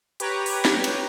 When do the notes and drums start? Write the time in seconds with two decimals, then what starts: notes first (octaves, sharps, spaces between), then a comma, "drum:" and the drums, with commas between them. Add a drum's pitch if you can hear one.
0.20 G4 B4 C#5 A#5, drum: hi-hat
0.46 drum: open hi-hat
0.65 drum: snare
0.84 drum: cymbal